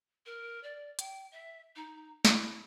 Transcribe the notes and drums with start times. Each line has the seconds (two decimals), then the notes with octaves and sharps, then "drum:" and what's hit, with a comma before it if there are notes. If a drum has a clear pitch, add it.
0.26 A#4
0.63 D5
0.99 G5, drum: hi-hat
1.32 E5
1.76 D#4
2.25 E4, drum: snare